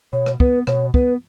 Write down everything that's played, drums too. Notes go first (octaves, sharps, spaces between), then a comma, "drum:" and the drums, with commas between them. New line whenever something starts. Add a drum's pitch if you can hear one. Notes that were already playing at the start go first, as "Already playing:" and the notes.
B2 C#5
drum: rim click
B3 B4, drum: kick
B2 C#5, drum: rim click
B3 B4, drum: kick